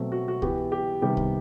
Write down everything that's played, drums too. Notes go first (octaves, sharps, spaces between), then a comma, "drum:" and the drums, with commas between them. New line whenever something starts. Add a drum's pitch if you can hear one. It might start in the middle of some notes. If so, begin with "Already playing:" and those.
Already playing: B2 F#3 A3 C4
F#4
F#4
E3 B3 G4, drum: kick C2
G4
C3 D#3 G3 B3 G4
drum: kick C2